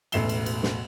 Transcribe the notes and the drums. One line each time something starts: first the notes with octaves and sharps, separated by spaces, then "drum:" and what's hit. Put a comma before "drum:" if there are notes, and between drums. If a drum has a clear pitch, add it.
E1 A1 A3 C7 E7 G7, drum: cymbal
drum: cymbal
drum: cymbal
drum: snare